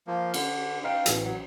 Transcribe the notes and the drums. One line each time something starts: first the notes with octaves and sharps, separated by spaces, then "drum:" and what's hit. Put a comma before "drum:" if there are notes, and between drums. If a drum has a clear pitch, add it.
F3 A#3
D3, drum: cymbal
D#4 F5 G5
A1 B2 E3, drum: hi-hat
F#3